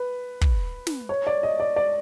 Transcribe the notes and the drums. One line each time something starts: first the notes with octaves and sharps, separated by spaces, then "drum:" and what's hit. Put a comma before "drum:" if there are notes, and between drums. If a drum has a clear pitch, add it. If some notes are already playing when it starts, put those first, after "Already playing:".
Already playing: B4
drum: kick
drum: snare
C#5
D5
D#5
D5
D5